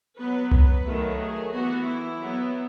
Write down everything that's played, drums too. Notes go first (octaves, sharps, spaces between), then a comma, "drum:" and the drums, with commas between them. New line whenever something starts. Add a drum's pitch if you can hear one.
F#3 B3 B4
B4, drum: tom C2
D#3 F#3 A3
G#4
E3 B3 F#4
E4
F#3 B3